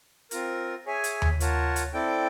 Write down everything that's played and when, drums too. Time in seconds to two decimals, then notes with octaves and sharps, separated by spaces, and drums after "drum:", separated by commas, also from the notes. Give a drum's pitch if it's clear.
0.31 C4 F4 A#4, drum: hi-hat
0.86 G#4 C#5 E5 G#5
1.04 drum: hi-hat
1.22 drum: tom D#2
1.40 F4 A#4 C#5 F#5 A5, drum: hi-hat
1.76 drum: hi-hat
1.94 C4 E4 A4 D5 G5